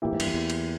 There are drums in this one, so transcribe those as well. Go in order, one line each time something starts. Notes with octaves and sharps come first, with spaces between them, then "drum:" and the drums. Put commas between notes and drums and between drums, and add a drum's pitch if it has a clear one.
A#2 E3 A#3 E4 G4
G#2
G2, drum: cymbal
F2
E2
drum: cymbal